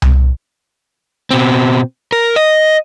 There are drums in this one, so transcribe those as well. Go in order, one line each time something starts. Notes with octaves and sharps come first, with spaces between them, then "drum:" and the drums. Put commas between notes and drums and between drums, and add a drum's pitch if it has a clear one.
drum: tom C2
B2 C4
A#4
D#5